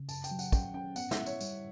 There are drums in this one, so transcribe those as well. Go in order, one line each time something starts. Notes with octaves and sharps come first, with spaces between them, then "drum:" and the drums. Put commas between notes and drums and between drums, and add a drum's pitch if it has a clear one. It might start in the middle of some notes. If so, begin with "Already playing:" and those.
Already playing: C#3
F#2 A5, drum: tambourine
G5, drum: tambourine
F#3
F#5, drum: tambourine
C#4 G5, drum: kick, tambourine
C#4 G5
B3 F#5, drum: tambourine
E5, drum: snare
E4
C#5, drum: tambourine
G3, drum: tambourine